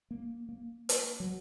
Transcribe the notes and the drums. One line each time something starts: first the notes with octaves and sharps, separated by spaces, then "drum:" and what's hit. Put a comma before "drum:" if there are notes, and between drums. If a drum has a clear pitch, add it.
A#3
A#3
drum: hi-hat
F#3